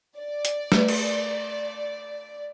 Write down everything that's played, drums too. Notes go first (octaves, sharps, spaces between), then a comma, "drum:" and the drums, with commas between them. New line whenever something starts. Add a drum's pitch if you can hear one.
D5
drum: hi-hat
A3 B4, drum: snare
drum: cymbal